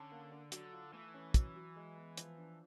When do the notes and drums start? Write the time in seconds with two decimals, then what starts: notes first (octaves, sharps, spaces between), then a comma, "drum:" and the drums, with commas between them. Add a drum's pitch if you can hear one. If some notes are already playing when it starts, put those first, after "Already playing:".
Already playing: D3 C#4
0.12 A#3
0.32 D4
0.52 D3 F#3, drum: hi-hat
0.73 F4
0.93 E3 A3
1.14 C#4
1.34 F#3, drum: kick, hi-hat
1.56 F#3
1.76 G#3
1.97 B3
2.17 F3, drum: hi-hat
2.38 D4